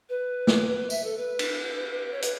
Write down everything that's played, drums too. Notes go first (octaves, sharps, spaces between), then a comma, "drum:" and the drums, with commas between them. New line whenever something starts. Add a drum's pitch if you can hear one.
B4
drum: snare
E5, drum: tambourine
A4
B4
drum: cymbal
C#5
B4, drum: hi-hat